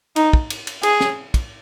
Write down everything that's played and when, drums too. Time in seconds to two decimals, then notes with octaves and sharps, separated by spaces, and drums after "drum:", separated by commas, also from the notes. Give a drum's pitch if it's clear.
0.16 D#4, drum: cymbal
0.33 drum: kick
0.50 drum: cymbal
0.67 drum: cymbal
0.83 G#4, drum: cymbal
1.00 drum: snare
1.34 drum: kick, cymbal